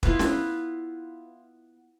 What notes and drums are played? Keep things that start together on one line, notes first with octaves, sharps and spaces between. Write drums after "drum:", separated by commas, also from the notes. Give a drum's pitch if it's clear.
B3 E4 F4 B4, drum: kick
drum: snare